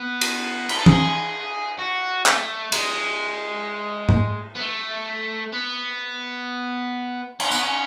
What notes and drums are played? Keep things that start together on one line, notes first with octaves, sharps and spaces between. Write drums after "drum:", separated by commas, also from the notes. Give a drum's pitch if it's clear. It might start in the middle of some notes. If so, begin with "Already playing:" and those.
Already playing: B3
drum: cymbal
B4, drum: cymbal
A4
G#4, drum: tom E3
F#4
A3, drum: clap
G#3, drum: cymbal
drum: tom G#2
B3
A3
B3
C#4, drum: cymbal
B3, drum: tambourine
C#4